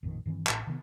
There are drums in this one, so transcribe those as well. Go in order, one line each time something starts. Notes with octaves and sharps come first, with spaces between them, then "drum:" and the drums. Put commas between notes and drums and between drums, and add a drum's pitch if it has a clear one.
A1 F2 A#2 D#3
G2 D#3 E3 C4
A1 A2, drum: clap
C3 D#3 A#3 B3